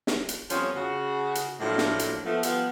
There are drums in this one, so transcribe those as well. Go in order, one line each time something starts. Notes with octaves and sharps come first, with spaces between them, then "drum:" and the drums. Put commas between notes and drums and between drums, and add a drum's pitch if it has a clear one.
drum: snare
drum: hi-hat
F2 F3 G3 B3 C#4, drum: hi-hat
C#3 F#4
drum: hi-hat
A2 F3 F#3 A3 A#3 D4
drum: snare
drum: hi-hat
F3 A3 B3
F3 G3 B3, drum: hi-hat